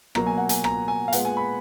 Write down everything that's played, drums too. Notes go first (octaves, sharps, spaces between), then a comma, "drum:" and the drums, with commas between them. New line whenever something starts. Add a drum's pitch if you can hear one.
B2 F#3 A#3 A#5, drum: rim click
G#5
F#5
G#5, drum: hi-hat
A#5, drum: rim click
G#5
F5
A#2 G#3 B3 F#5, drum: hi-hat
G#5
B5